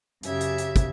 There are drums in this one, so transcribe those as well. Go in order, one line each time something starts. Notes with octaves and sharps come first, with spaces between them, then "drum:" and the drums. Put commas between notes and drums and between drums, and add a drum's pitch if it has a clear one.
F#2 C#3 G4 E5 G#6, drum: hi-hat
drum: hi-hat
drum: hi-hat
drum: kick, hi-hat